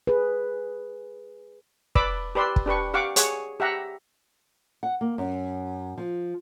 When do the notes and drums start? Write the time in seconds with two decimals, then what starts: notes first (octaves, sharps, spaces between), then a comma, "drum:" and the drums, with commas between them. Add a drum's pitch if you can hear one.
0.07 G#4 B4
1.95 B4 D5 B5 D6 E6, drum: kick
2.35 G4 B4 D5 C6 E6
2.56 drum: kick
2.66 D4 G4 B4 C#6
2.94 G4 F5 F#5 C#6 D6
3.16 G#4 C#5 F#5, drum: hi-hat
3.60 G4 E5 F#5 A#5
4.83 F#5
5.01 A#3
5.18 F#2
5.98 F3